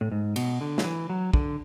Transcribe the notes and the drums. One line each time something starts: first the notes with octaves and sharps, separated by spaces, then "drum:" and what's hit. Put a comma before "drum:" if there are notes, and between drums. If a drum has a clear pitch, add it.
A2
G#2
B2, drum: cymbal
D3
F#3, drum: snare
E3
F#3
D3, drum: kick